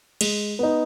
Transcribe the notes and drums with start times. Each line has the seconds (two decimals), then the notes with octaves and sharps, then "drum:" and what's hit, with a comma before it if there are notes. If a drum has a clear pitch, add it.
0.21 G#3, drum: cymbal
0.59 B3 D#4